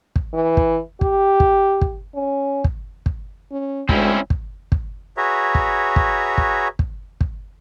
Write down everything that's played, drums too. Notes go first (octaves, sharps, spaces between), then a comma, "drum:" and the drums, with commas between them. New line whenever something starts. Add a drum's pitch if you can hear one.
drum: kick
E3
drum: kick
G4, drum: kick
drum: kick
drum: kick
C#4
drum: kick
drum: kick
C#4
D2 G#3 C4 C#4 E4, drum: kick
drum: kick
drum: kick
F#4 G#4 B4 C#5 E5 A#5
drum: kick
drum: kick
drum: kick
drum: kick
drum: kick